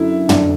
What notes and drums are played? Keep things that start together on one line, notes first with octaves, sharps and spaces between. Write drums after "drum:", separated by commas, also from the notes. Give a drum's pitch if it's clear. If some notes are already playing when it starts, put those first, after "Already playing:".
Already playing: F#2 D3 E4
D4, drum: tom